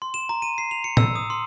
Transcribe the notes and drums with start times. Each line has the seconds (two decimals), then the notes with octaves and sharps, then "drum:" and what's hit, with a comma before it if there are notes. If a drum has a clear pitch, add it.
0.02 C6
0.14 E7
0.29 A#5
0.42 D#7
0.58 C7
0.71 F7
0.84 C#7
0.97 E6, drum: tom A2
1.15 D#6
1.30 C6